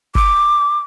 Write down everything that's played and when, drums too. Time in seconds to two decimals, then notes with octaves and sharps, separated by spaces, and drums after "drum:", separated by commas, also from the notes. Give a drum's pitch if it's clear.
0.15 D6, drum: kick